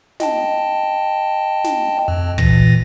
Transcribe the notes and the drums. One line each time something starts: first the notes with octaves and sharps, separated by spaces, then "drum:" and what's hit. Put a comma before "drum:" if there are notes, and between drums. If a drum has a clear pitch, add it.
D#5 G5 A5, drum: snare
drum: snare
F2
A#2 E3 A#6, drum: kick